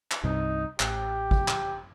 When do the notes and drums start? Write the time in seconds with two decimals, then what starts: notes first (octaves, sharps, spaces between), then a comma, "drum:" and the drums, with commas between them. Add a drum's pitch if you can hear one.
0.11 drum: clap
0.23 C2 G2 C3 D#4
0.80 A1 G4, drum: clap
1.31 drum: kick
1.48 drum: clap